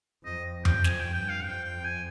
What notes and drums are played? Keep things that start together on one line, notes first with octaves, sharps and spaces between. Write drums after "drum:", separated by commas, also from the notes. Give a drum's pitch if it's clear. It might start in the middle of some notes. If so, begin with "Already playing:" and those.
F2 D#5
G5, drum: tom F2
F2 G#5, drum: snare
G5
G2 G5
F5
F2 G5
G5
G#5